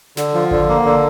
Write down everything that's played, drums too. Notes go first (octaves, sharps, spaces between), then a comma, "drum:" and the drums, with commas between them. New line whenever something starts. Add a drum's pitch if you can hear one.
D3, drum: snare
F3
D3, drum: kick G#1
A#3
D3